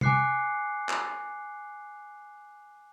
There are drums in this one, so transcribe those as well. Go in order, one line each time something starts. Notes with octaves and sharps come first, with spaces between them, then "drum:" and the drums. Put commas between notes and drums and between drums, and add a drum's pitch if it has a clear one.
G#5 D6 F#6 C7 C#7, drum: tom C3
drum: clap